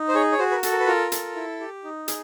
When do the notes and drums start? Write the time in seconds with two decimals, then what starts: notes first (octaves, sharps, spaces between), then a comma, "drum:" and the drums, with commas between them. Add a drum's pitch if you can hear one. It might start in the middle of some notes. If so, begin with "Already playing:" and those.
Already playing: D#4
0.09 C5
0.15 G#4 C#5
0.32 C#5
0.39 F#4 C5
0.51 B4
0.55 A#4
0.63 A4, drum: hi-hat
0.71 A#4
0.80 B4
0.87 F4 A#4
1.12 A4, drum: hi-hat
1.36 E4
1.60 G4
1.84 D#4
2.08 G#4, drum: hi-hat